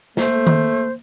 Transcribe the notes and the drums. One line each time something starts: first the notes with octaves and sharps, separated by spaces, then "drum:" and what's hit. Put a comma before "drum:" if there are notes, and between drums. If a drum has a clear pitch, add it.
A3 A#3 C5, drum: snare
drum: tom D#3